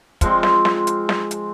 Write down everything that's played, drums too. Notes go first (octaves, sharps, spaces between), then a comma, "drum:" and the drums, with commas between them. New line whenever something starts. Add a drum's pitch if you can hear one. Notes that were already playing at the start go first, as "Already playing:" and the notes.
F3 G#3 C4, drum: kick, hi-hat
drum: snare
drum: snare
drum: hi-hat
drum: snare
drum: hi-hat